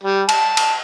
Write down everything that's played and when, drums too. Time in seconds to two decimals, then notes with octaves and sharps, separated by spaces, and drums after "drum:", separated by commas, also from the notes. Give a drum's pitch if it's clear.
0.03 G3
0.29 A5, drum: cymbal
0.57 drum: cymbal